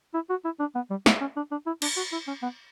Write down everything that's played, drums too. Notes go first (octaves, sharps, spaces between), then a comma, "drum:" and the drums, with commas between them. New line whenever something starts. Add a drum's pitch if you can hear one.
E4
F#4
E4
D4
B3
G3
B3, drum: snare
C#4
D4
D4
E4
D4, drum: cymbal
F#4
E4
C#4
B3